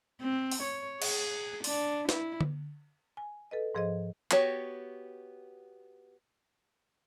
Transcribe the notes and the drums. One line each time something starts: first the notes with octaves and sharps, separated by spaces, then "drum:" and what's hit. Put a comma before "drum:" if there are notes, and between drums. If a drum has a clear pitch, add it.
C4
drum: open hi-hat
C#5
G#4, drum: cymbal
D4, drum: open hi-hat
E4, drum: snare
drum: tom D3
G#5
A4 B4 D#5
G#2 F3 G#4 C5 D#5
B3 F#4 G4 C#5, drum: clap